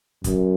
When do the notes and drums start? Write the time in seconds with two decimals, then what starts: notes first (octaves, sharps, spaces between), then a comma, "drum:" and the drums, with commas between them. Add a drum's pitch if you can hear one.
0.24 F#2, drum: kick, hi-hat